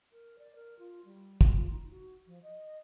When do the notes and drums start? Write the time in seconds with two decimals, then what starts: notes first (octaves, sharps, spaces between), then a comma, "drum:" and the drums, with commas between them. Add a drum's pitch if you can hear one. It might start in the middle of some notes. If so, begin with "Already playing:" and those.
0.12 A#4
0.39 D5
0.55 A#4
0.79 F4
1.05 G3
1.41 drum: kick
1.54 F4
1.71 D#4
1.91 F#4
2.27 F3
2.43 D#5